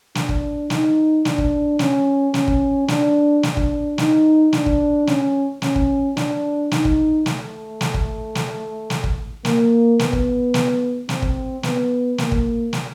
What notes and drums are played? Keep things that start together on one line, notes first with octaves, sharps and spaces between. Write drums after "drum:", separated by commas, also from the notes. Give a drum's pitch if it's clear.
D4, drum: snare
drum: kick
D#4, drum: snare
D4, drum: snare
drum: kick
C#4, drum: snare
C#4, drum: snare
drum: kick
D4, drum: snare
D4, drum: snare
drum: kick
D#4, drum: snare
D4, drum: snare
drum: kick
C#4, drum: snare
C#4, drum: snare
drum: kick
D4, drum: snare
D#4, drum: snare
drum: kick
A3, drum: snare
drum: snare
drum: kick
drum: snare
drum: snare
drum: kick
A#3, drum: snare
B3, drum: snare
drum: kick
drum: snare
C4, drum: snare
drum: kick
B3, drum: snare
A#3, drum: snare
drum: kick
drum: snare